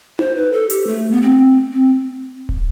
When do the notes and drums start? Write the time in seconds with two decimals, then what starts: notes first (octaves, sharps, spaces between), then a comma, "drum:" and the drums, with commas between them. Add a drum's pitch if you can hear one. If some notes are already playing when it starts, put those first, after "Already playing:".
0.19 C5, drum: tom D#4
0.36 B4
0.53 A4
0.70 G4, drum: hi-hat
0.87 A3
1.11 B3
1.22 C4
1.73 C4
2.49 drum: kick